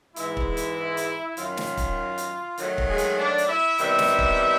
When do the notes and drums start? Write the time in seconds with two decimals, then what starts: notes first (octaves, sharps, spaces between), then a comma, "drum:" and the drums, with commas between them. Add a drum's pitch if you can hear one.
0.16 G#2 E3 G#3 E4, drum: hi-hat
0.37 drum: kick
0.57 drum: hi-hat
0.97 drum: hi-hat
1.37 F#2 D#3 F#3 F4, drum: hi-hat
1.57 drum: snare
1.77 drum: kick, hi-hat
2.18 drum: hi-hat
2.58 D#3 F#3 A3, drum: hi-hat
2.78 drum: kick
2.88 G#3 G#4
2.98 drum: hi-hat
3.18 D4 D5
3.38 drum: hi-hat
3.48 E4 E5
3.78 C3 D#3 G3 B3 E4 E5, drum: hi-hat
3.99 drum: snare
4.19 drum: kick